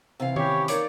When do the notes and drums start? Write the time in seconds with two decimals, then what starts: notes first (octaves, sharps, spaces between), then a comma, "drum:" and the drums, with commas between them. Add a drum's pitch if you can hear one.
0.20 C3 E3 F5
0.36 C#4 E4 G4 C#5, drum: tom D#3
0.68 A#3 D#4 C#5 D5, drum: hi-hat